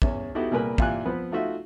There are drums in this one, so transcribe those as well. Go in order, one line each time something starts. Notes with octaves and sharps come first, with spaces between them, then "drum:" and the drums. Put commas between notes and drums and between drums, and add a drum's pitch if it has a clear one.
E2 C#4, drum: kick
B3 D#4 E4 F#4 G4 A4
C2 A#2 G#4 A#4 B4 B5
A#2 E3 F4 G4 G#5 F#6, drum: kick
F3 B3 C4 B4
A3 D#4 F4 F#4 E5